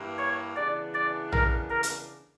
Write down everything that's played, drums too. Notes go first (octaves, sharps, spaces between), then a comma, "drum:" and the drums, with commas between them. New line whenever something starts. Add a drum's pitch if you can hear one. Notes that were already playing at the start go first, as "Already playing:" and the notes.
Already playing: G2 E3 A#3
C#5
C#3 E3 B3 D4 D5
D5
A#4, drum: tom A#1
A#4
drum: hi-hat